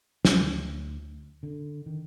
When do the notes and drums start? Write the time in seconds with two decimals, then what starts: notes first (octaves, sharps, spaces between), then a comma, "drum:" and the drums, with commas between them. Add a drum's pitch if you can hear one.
0.25 D2, drum: snare
1.43 D3
1.86 D#3